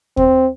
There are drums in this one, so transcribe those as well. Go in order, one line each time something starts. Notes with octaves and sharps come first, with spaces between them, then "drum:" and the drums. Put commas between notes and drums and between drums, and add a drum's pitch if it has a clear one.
C4, drum: kick